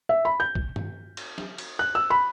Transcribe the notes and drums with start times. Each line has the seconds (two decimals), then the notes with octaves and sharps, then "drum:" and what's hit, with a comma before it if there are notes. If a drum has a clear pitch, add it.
0.09 E5
0.25 B5
0.40 G6
0.55 drum: kick
0.76 drum: tom
1.17 drum: cymbal
1.38 drum: snare
1.58 drum: cymbal
1.79 F#6
1.95 E6
2.10 B5